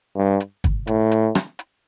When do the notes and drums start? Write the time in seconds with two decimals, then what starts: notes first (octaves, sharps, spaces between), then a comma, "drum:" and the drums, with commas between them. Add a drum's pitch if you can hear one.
0.16 G2
0.40 drum: hi-hat
0.64 drum: kick, hi-hat
0.87 A2, drum: hi-hat
1.11 drum: hi-hat
1.35 drum: rim click
1.59 drum: hi-hat